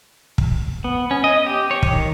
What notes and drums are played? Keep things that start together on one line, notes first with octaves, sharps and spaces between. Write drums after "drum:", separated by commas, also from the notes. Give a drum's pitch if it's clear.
drum: kick
B3
C#4
D#5
G4
C#5
drum: kick
D#3